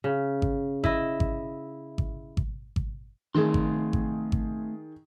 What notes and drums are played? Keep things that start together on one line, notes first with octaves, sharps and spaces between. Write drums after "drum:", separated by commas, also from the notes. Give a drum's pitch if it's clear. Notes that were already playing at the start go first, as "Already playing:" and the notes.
C#3
drum: kick G#1
E4 D#5 E5, drum: kick G#1
drum: kick G#1
drum: kick G#1
drum: kick G#1
drum: kick G#1
D#3 A3 C4 G#4 C6
drum: kick G#1
drum: kick G#1
drum: kick G#1